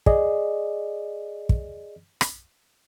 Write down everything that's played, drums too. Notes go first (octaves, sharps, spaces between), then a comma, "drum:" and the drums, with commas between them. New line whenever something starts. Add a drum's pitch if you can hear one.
G#4 D5 D#5, drum: kick
drum: kick
drum: rim click